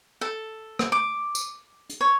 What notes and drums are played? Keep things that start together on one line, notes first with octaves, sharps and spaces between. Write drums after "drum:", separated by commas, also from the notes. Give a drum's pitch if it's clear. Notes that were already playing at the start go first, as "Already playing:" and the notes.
A4
drum: rim click
D6
drum: tambourine
drum: hi-hat
C#5